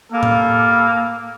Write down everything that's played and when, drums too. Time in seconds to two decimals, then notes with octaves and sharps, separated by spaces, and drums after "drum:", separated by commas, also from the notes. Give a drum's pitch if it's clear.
0.12 G3 A#3 A4 F5
0.23 drum: tom A2